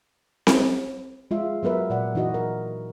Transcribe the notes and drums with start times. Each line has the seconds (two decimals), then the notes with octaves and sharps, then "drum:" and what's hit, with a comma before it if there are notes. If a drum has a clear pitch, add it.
0.47 drum: snare C4
1.31 G#3 F4 E5
1.63 F#3 B3 A#4 B4 E5
1.90 A#2 D5 F#5
2.15 E3 D#4 F#4 D#5
2.34 A#4